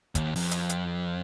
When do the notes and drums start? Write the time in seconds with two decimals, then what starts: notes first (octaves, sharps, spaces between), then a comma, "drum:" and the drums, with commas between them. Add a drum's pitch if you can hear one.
0.15 D#2, drum: kick, hi-hat
0.36 F2, drum: open hi-hat
0.51 drum: hi-hat
0.69 drum: hi-hat